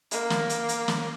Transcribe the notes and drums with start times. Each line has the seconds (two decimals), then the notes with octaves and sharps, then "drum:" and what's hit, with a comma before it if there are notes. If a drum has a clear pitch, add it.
0.11 A#3, drum: hi-hat
0.30 drum: snare
0.49 drum: hi-hat
0.69 drum: hi-hat
0.88 drum: snare